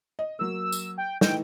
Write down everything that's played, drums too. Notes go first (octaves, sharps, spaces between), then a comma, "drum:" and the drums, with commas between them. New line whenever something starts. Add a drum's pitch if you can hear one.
D#5
F#3 A#3 E6
drum: tambourine
G5
E3 A3 D#4 G5, drum: snare